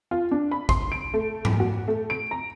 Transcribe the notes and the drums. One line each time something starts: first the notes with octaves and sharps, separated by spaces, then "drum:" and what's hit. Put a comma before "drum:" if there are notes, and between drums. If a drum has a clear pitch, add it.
F4
D4
B5
C6, drum: kick A1
D7
A3
drum: tom G#2
F#4
A3
D7
A#5